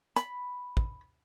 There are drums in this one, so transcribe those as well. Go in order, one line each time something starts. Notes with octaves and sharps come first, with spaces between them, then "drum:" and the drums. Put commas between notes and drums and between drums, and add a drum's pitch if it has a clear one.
B5, drum: hi-hat
drum: kick